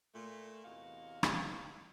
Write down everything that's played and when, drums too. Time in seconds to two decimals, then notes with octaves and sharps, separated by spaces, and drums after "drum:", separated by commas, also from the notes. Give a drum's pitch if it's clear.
0.15 A#2 A3
0.65 E2 C3 F#4 D#5 F5
1.23 drum: rim click